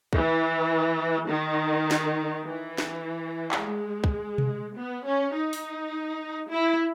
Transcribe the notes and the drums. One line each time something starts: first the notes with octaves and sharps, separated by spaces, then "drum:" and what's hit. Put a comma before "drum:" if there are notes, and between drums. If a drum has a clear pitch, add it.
E3, drum: kick
D#3
drum: snare
E3
drum: snare
drum: clap
G#3
drum: kick
drum: tom B2
B3
C#4
D#4
drum: open hi-hat
E4